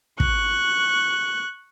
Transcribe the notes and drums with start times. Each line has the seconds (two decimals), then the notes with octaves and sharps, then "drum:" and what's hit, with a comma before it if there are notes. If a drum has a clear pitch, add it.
0.20 C#6 F#6, drum: kick